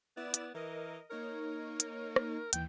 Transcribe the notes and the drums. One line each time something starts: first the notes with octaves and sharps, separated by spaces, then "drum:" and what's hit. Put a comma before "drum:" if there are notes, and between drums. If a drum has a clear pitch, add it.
B3 E4 D5 E7
drum: hi-hat
E3 A#4 D#5
A#3 D#4 A#4 C#5
drum: hi-hat
drum: rim click
D#2 E3 G5, drum: hi-hat